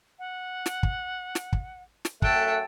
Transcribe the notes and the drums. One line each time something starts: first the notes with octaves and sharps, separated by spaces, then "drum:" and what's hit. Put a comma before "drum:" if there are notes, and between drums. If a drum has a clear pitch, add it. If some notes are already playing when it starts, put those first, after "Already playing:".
F#5
drum: snare
drum: kick
drum: snare
drum: kick
drum: snare
F#2 A3 A4 G5 F#6, drum: kick